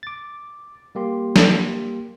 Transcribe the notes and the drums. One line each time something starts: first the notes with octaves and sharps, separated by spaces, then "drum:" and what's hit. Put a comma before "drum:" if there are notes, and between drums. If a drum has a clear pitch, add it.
D6 A6
G3 A#3 G4 C6
drum: snare